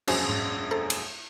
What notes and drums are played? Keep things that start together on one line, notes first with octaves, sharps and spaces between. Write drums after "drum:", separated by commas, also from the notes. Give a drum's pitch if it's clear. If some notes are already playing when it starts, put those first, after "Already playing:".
E1 A#1 F#2 F#4 C5 G#5, drum: cymbal
G#2
A4 C5 A#5
drum: cymbal